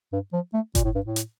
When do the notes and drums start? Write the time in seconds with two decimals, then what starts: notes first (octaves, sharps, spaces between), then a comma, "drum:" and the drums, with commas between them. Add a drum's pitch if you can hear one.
0.13 G2
0.33 F3
0.54 A3
0.75 A#2, drum: kick G1, hi-hat
0.85 A2
0.95 G2
1.06 A2
1.16 drum: hi-hat